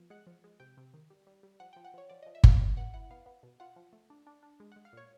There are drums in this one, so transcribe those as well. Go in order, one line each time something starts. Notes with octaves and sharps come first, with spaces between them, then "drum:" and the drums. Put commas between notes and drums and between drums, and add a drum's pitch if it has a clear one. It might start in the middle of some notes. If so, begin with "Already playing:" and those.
Already playing: F3 B3
G#3 F#5
F3
G#3
C3 G5
C3
D#3
G3
G3
G3
F3 F#5
F3 G5
F#5
F3 C#5
F3 D5
D#5
F3
E5
F3 F5, drum: kick G1
B2
B2 F#5
E4 F#5
B3 F5
B3
B2
F4 F#5
F3
A3
D4
D4
D4
G#3
F#5
G#3
F5
A#2 C#5